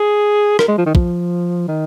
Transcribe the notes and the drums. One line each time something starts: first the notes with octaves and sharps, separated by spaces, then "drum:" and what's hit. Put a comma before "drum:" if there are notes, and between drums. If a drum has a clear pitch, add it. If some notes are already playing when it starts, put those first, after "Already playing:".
Already playing: G#4
A#4, drum: rim click
G#3
F3
D#3
F3, drum: kick
D#3